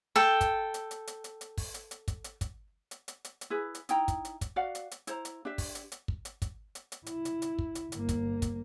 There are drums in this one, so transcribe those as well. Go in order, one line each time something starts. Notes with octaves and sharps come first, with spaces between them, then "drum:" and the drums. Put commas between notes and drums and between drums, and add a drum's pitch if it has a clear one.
A4 G5
drum: kick, hi-hat
drum: hi-hat
drum: hi-hat
drum: hi-hat
drum: hi-hat
drum: hi-hat
drum: kick, open hi-hat
drum: hi-hat
drum: hi-hat
drum: kick, hi-hat
drum: hi-hat
drum: kick, hi-hat
drum: hi-hat
drum: hi-hat
drum: hi-hat
drum: hi-hat
E4 G#4 B4
drum: hi-hat
D#4 E4 G5 A#5, drum: hi-hat
drum: kick, hi-hat
drum: hi-hat
drum: kick, hi-hat
F#4 D5 F5 F#5
drum: hi-hat
drum: hi-hat
E4 C5 A#5, drum: hi-hat
drum: hi-hat
D4 G4 E5
drum: kick, open hi-hat
drum: hi-hat
drum: hi-hat
drum: kick
drum: hi-hat
drum: kick, hi-hat
drum: hi-hat
drum: hi-hat
E4, drum: hi-hat
drum: hi-hat
drum: hi-hat
drum: kick
drum: hi-hat
G1 A#3, drum: hi-hat
drum: kick, hi-hat
drum: kick, hi-hat